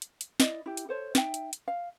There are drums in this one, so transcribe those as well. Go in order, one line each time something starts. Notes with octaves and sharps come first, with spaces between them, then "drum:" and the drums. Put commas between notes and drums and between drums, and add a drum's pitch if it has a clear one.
drum: hi-hat
drum: hi-hat
E4 D5 D#5, drum: snare
E4 G4
drum: hi-hat
A4 C5 C#5
D#4 E5 G5, drum: snare
drum: hi-hat
drum: hi-hat
F5